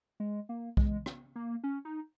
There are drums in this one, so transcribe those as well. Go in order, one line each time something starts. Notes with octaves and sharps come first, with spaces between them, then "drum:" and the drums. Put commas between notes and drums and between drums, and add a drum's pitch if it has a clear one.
G#3
A#3
G#3, drum: kick B1
drum: rim click
A#3
C#4
D#4